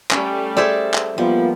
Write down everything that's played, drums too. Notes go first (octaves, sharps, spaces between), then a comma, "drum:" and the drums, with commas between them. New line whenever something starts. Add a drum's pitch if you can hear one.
G3 A3 C#4, drum: clap
G#4 A4 C5 D5 E5
drum: clap
F3 G3 A#3 B3 F4